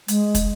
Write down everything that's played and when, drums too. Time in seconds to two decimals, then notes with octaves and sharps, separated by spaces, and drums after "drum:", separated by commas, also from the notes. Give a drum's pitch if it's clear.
0.08 G#3, drum: hi-hat
0.35 drum: kick, hi-hat